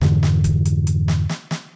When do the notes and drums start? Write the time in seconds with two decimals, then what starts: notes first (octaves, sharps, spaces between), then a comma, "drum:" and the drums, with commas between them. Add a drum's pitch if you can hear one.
0.01 F2 G#2 D3 E3, drum: snare
0.23 drum: snare
0.44 drum: kick, hi-hat
0.65 drum: hi-hat
0.87 drum: hi-hat
1.08 drum: snare
1.29 drum: snare
1.51 drum: snare